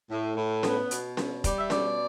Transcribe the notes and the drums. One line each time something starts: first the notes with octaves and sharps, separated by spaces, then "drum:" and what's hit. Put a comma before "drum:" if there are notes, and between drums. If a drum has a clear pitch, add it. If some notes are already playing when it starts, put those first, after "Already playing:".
A2
A2
B3, drum: snare C#4
B2, drum: hi-hat
B2, drum: snare C#4
G3 D5, drum: kick F1, hi-hat
E5
B2 D5, drum: snare C#4